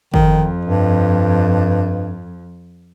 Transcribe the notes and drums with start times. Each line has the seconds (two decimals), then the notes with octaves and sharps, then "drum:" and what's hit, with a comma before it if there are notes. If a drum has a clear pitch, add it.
0.14 F2 D#3, drum: kick
0.65 G2